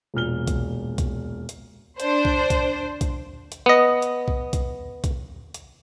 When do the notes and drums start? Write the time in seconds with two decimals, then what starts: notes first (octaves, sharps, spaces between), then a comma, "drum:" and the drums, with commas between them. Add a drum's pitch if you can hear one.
0.14 E1 A#2 F6 G7
0.48 drum: kick B1, hi-hat
0.98 drum: kick B1, hi-hat
1.49 drum: hi-hat
2.00 D4 C5, drum: hi-hat
2.25 drum: kick B1
2.50 drum: kick B1, hi-hat
3.01 drum: kick B1, hi-hat
3.52 drum: hi-hat
3.66 B3 D#5
4.02 drum: hi-hat
4.28 drum: kick B1
4.53 drum: kick B1, hi-hat
5.04 drum: kick B1, hi-hat
5.54 drum: hi-hat